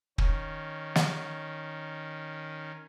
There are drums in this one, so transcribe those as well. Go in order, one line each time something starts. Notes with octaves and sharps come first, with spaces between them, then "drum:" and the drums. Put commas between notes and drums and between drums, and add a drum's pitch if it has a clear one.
D#3 C#4, drum: kick
drum: snare